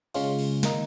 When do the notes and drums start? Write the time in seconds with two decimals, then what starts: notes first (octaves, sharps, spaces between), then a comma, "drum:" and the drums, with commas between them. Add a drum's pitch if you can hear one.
0.14 C#3 G#3 C#4 F4, drum: cymbal
0.39 drum: cymbal
0.63 D#3 A#3 D#4, drum: snare